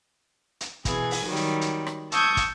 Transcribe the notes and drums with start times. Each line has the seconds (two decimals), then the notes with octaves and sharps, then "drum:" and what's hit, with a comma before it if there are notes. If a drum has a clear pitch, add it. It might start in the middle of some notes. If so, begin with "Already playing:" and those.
0.61 drum: hi-hat
0.85 B2 E3 G#4 G#6, drum: kick, hi-hat
1.11 drum: open hi-hat
1.24 D#3 F#3 G3
1.36 drum: hi-hat
1.61 drum: hi-hat
1.87 drum: rim click
2.12 A5 C#6 D#6 E6 G6 G#6, drum: hi-hat
2.37 drum: kick, hi-hat